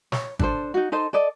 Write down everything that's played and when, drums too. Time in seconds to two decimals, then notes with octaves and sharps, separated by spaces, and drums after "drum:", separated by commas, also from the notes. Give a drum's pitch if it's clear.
0.12 C#5, drum: snare
0.39 D4 A4 C5, drum: kick
0.74 D#4 F#4
0.92 D#4 A4 C5 D#5
1.13 A4 D5 D#5